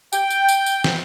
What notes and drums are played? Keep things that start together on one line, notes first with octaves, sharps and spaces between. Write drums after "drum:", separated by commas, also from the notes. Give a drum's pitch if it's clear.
G5, drum: tambourine
drum: tambourine
drum: tambourine
drum: tambourine
drum: snare